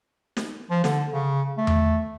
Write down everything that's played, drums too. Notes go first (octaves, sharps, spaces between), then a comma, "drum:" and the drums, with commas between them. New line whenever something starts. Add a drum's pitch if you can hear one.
drum: snare
F3
D3, drum: snare
C#3
A3
drum: tom E2